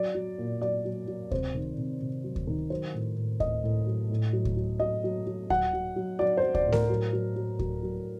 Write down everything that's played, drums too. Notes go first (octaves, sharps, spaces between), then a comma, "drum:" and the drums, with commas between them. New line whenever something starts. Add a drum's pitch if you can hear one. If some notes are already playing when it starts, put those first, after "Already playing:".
Already playing: F#3 D5
F#3
A#2
F#3 D5
F#3
F#3
C3 C5, drum: kick D2
D#3
C3
C3
F#3
drum: kick D2
D#3
F#3 C5
A2
A2
A2 D#5, drum: kick D2
A2
F#3
A2
F#3
drum: kick D2
F#3
F#3 D#5
F#3
F#3
F#3 F#5, drum: kick D2
F#3
F#3
F#3 D5
C5
F#3
D5, drum: kick D2
A2
A#4, drum: snare A3
F#3
F#3
F#3
F#3, drum: kick D2
F#3